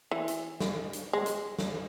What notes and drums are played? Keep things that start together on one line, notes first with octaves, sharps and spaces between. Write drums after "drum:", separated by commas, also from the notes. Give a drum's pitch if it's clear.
E3
drum: hi-hat
drum: snare
drum: hi-hat
G#3
drum: hi-hat
drum: snare